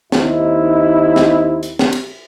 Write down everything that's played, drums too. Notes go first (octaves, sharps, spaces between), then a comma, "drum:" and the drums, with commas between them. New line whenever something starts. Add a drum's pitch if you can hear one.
D#2 C4 D#4 E4, drum: snare
drum: snare
drum: hi-hat
drum: snare
drum: cymbal